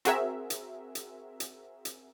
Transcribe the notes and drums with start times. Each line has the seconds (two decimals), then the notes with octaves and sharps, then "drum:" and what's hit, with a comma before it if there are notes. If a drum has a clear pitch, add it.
0.05 C4 F#4 G#4 A#4 E5, drum: hi-hat
0.50 drum: hi-hat
0.95 drum: hi-hat
1.40 drum: hi-hat
1.85 drum: hi-hat